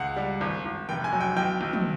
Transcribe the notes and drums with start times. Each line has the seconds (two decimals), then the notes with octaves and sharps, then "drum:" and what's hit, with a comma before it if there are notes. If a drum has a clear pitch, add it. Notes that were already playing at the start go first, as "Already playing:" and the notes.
Already playing: C#2 F#5
0.16 G3
0.41 G#1
0.65 G#1
0.89 F1 G5
1.04 G#5
1.13 F#3
1.20 G5
1.37 B1 G5
1.61 B1
1.73 drum: tom